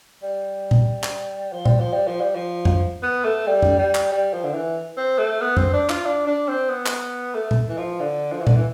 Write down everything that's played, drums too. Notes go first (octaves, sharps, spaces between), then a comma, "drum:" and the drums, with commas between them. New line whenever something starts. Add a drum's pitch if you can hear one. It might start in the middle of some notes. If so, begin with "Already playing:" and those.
G3
drum: tom A#2
drum: clap
F3
G3, drum: tom A#2
F3
G3
F3
G3
F3
drum: tom F2
B3
A3
G3
drum: tom F2
G3
drum: clap
G3
F3
D3
E3
C4
A3
B3
C4, drum: tom F2
D4
F4, drum: clap
D4
D4
C4
B3
drum: clap
A3
drum: tom A#2
E3
F3
D3
F3
E3
D3, drum: tom A#2
E3